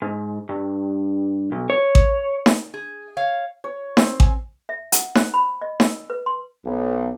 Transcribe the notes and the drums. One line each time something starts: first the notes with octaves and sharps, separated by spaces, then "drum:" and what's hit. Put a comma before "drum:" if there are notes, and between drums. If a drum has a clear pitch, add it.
G#2
G2
B1
C#5
drum: kick A1
drum: snare D#4
G#4
C#5 F5
C#5
C4, drum: snare D#4
G#5, drum: kick A1
E5
F#5, drum: hi-hat
C5, drum: snare D#4
B5
D#5
E6, drum: snare D#4
B4
C6
B1